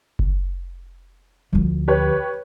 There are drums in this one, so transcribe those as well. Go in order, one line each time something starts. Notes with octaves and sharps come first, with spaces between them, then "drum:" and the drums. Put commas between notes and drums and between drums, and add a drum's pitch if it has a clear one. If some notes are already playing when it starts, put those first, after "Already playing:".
drum: kick F#1
D2 F3
G4 B4 C#5